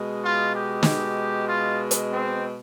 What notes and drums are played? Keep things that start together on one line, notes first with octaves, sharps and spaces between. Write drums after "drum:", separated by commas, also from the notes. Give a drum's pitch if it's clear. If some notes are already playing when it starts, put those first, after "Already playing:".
Already playing: B2 G#3
F4
G4
drum: snare
F4
drum: hi-hat
C4